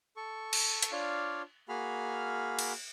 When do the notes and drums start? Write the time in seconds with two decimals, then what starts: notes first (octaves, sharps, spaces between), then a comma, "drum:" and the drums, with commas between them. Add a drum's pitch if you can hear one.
0.17 A4 C#6
0.53 drum: cymbal
0.83 drum: hi-hat
0.92 D4 F4 C#5 D5 F5
1.69 A#3 F#4 G#4 F5 B5 F6
2.59 drum: cymbal